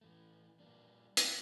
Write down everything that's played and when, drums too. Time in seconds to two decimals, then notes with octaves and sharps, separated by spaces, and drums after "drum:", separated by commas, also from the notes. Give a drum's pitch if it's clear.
0.01 A2 E3 A3
0.60 A#2 G3 A#3 D4
1.17 E3 G#3 F4, drum: hi-hat